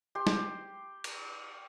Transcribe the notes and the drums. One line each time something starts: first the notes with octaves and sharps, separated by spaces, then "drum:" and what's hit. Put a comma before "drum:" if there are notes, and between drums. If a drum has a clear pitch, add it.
G4 C6
drum: snare
drum: cymbal